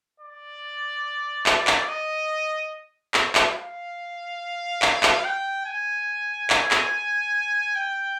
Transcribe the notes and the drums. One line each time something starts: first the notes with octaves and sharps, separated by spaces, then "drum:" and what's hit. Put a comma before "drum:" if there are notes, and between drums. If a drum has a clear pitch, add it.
D5
drum: clap
drum: clap
D#5
drum: clap
drum: clap
F5
drum: clap
drum: clap
G5
G#5
drum: clap
drum: clap
G5